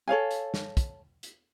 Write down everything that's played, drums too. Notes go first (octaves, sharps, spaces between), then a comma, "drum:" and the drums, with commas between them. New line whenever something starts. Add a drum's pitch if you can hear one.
A4 C#5 F5 G#5
drum: hi-hat
drum: snare
drum: kick, hi-hat
drum: hi-hat